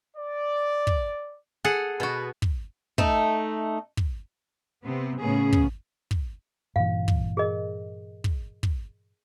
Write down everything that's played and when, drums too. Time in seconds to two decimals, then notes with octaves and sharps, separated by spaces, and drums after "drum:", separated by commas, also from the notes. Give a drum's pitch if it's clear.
0.17 D5
0.87 drum: kick
1.64 G#4 A4 F#5
2.00 B2 B3 F#4
2.42 drum: kick
2.98 A3 D#4, drum: kick
3.97 drum: kick
4.84 C3 B3 C4
5.19 A2 C#3 A#3 B3 C#4 G#4
5.53 drum: kick
6.11 drum: kick
6.76 G2 A#2 E3 F5
7.08 drum: kick
7.37 G#4 A#4 D#5
8.24 drum: kick
8.63 drum: kick